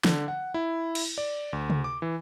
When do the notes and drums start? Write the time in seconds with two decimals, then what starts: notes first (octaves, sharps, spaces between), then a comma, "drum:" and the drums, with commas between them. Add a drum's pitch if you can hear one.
0.04 D3, drum: snare
0.28 F#5
0.54 E4
0.95 drum: cymbal
1.18 D5
1.53 D2
1.70 drum: tom C3
1.84 D6
2.02 E3